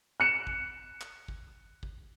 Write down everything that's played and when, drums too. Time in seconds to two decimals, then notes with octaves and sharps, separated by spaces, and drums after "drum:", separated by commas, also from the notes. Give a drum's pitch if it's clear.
0.20 F#6 C#7 E7
0.47 drum: kick
1.01 drum: clap
1.28 drum: kick
1.83 drum: kick